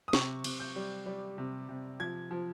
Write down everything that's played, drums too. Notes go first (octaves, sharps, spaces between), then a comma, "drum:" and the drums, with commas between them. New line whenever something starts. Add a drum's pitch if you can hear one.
D#6
C3 C#6, drum: snare
C3, drum: cymbal
G6
G3
G3
C3
C3
F3 G#6
F3